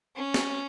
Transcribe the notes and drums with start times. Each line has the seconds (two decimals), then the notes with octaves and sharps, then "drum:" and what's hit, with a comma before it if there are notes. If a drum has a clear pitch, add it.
0.16 C#4
0.34 drum: snare